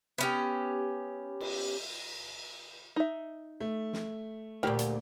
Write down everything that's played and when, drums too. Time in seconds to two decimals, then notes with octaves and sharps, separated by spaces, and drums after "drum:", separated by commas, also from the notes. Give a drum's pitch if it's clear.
0.18 B3 C#4 G4
1.40 drum: cymbal
2.96 D#4 E5
3.60 A3
3.93 drum: snare
4.63 D2 A#2 G4 A#4 G5
4.79 drum: hi-hat